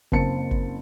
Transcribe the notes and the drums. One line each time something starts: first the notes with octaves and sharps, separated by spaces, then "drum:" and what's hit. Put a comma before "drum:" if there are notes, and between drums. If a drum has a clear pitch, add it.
F#1 A#3 C4 A5 C#7, drum: kick G1
drum: kick G1